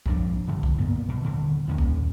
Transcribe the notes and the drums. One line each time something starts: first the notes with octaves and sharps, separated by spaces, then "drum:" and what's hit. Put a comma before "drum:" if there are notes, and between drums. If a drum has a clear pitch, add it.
A#1 F2 F#3 D4, drum: kick C2
F#2 D3
drum: kick C2
A#2 B3
B2
D#1 D3
D#2 A#2 C#4
drum: kick C2